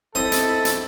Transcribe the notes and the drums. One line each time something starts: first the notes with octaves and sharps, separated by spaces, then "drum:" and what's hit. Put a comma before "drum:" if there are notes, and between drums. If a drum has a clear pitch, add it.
C4 E4 A4 D#5
drum: hi-hat
drum: hi-hat